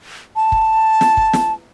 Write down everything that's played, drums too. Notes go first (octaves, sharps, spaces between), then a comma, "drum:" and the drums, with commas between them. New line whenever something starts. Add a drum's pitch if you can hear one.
A5
drum: kick
drum: snare
drum: kick
drum: snare